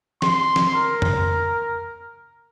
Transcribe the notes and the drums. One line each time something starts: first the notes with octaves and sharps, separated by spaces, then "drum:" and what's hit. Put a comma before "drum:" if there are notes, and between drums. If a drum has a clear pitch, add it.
C6, drum: snare
drum: snare
A#4
drum: tom F2